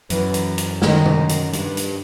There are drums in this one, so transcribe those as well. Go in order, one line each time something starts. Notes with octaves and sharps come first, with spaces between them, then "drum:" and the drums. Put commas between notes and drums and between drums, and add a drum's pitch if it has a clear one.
F#2 E3, drum: hi-hat
drum: hi-hat
drum: hi-hat
D#3, drum: snare
drum: tom C3
drum: hi-hat
G2, drum: hi-hat
drum: hi-hat